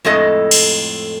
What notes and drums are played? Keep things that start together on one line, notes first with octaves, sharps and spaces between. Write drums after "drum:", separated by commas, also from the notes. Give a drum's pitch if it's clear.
F2 A2 G#3 A4 D#5
drum: cymbal